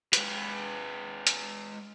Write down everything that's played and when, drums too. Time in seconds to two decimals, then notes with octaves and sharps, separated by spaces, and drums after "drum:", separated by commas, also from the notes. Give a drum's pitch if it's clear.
0.13 G#3 B4, drum: hi-hat
1.27 drum: hi-hat